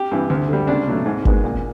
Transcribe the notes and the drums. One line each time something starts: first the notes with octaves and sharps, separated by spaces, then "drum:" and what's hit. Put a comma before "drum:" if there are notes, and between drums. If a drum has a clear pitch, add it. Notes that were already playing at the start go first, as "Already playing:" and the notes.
Already playing: G4
G2 E3
D2
D3 G3
C#2 D4
B2 F#3 A3
G#2
D#3 G#3 B3, drum: kick G1
A#2